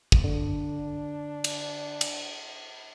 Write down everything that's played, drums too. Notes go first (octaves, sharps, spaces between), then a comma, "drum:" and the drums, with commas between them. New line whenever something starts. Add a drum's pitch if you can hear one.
drum: kick
D3 D4
drum: cymbal
drum: cymbal